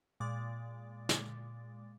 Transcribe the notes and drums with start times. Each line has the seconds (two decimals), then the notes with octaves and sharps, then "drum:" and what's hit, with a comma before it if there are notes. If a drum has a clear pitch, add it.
0.20 A#2 G#3 D6 A6
1.09 drum: snare